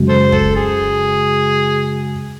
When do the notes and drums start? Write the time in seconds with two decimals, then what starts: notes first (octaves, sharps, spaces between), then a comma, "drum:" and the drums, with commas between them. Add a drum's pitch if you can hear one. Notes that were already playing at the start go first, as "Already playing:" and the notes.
Already playing: F#2 C#3 G#3
0.09 A4 C5
0.32 A4, drum: kick
0.56 G#4